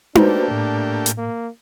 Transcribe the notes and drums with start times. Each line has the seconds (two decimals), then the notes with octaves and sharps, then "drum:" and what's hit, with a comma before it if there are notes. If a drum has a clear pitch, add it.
0.15 A3 A#3 D4 F#4 G4 B4 C5, drum: tom D#4
0.51 A2
1.06 drum: hi-hat
1.17 A#3